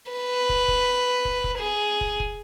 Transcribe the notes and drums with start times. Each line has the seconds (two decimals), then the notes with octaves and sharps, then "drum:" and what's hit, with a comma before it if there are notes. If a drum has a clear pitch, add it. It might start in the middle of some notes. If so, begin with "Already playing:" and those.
0.11 B4
0.49 drum: kick
0.68 drum: kick
1.25 drum: kick
1.44 drum: kick
1.57 G#4
2.01 drum: kick
2.20 drum: kick